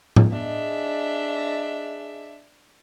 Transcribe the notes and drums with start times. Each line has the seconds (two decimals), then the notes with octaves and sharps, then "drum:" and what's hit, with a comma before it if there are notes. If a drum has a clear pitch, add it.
0.16 drum: tom A2
0.32 D4 G#4 D#5 E5